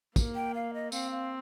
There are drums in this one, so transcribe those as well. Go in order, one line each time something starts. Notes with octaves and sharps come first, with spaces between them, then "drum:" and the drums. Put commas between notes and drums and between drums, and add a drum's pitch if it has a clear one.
A#3, drum: kick, tambourine
G5
F5
D#5
C4 F5, drum: tambourine
F5